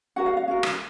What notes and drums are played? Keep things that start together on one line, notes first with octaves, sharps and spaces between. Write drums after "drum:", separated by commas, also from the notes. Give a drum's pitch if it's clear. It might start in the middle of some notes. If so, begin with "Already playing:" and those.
C#4 F#4 A#4 F#5
F5
F5
C#4 F#4 A#4
drum: rim click